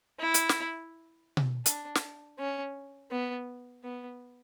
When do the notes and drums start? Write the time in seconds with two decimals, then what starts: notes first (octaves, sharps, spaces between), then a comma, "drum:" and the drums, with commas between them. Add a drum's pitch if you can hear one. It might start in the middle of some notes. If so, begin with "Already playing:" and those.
0.20 E4
0.34 drum: hi-hat
0.49 drum: snare
1.37 drum: tom B2
1.66 D4, drum: hi-hat
1.95 drum: snare
2.38 C#4
3.11 B3
3.84 B3